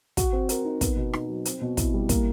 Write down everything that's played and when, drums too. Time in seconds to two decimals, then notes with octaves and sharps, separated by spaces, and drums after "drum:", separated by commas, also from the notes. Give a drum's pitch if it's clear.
0.17 F#4, drum: kick, hi-hat
0.33 C4
0.49 A#4, drum: hi-hat
0.65 D#4
0.81 B3, drum: kick, hi-hat
0.97 B2
1.13 D#4, drum: rim click
1.29 F#3
1.45 C4, drum: hi-hat
1.61 B2
1.77 E4, drum: kick, hi-hat
1.94 G3
2.09 A#3, drum: kick, hi-hat